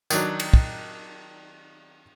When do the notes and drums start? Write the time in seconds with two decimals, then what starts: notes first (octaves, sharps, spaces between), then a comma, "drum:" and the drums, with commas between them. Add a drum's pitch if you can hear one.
0.10 D#3 F#3 D4, drum: tambourine
0.40 drum: cymbal
0.53 drum: kick